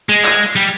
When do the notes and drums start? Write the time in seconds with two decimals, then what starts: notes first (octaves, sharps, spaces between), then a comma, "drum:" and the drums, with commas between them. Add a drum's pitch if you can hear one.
0.09 G#3
0.25 drum: clap
0.56 G3